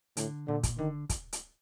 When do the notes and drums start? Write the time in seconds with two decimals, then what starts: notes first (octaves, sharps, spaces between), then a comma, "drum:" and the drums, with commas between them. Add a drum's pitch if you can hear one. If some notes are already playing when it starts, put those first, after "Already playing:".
0.17 A2 D3, drum: hi-hat
0.47 A#2 D3
0.63 drum: kick, hi-hat
0.79 D3 D#3
1.10 drum: kick, hi-hat
1.33 drum: hi-hat